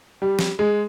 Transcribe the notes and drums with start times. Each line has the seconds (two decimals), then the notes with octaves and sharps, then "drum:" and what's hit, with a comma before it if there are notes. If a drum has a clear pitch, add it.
0.22 G3
0.39 drum: snare
0.59 G#3